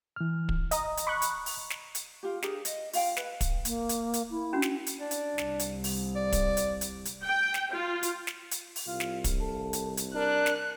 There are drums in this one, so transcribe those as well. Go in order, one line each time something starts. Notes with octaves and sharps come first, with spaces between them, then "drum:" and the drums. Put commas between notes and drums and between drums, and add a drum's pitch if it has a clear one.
E3 F6
drum: kick
D#5 A#5 D#6, drum: hi-hat
drum: hi-hat
B5 C#6 F#6
drum: hi-hat
drum: open hi-hat
drum: snare
drum: hi-hat
F4 G4
D4 G4 G#4 A#4, drum: snare
D#5, drum: hi-hat
F4 F5 G5, drum: open hi-hat
B4, drum: snare
drum: kick, hi-hat
A#3, drum: hi-hat
drum: hi-hat
drum: hi-hat
E4
C#4 D4 F#4
drum: snare
drum: hi-hat
D4
drum: hi-hat
C2, drum: snare
drum: hi-hat
drum: open hi-hat
D5
drum: kick, hi-hat
drum: hi-hat
drum: hi-hat
drum: hi-hat
G5
drum: snare
F4
drum: hi-hat
drum: snare
drum: hi-hat
drum: open hi-hat
C2 F4
drum: snare
drum: kick, hi-hat
A4
drum: hi-hat
drum: hi-hat
D4 A#4 F#6
drum: snare